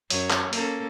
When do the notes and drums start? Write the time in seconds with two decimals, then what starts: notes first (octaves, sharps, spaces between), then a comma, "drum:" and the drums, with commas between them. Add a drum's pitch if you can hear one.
0.10 F#2 C#5, drum: open hi-hat
0.30 drum: clap
0.53 A#3 C#4 A4, drum: open hi-hat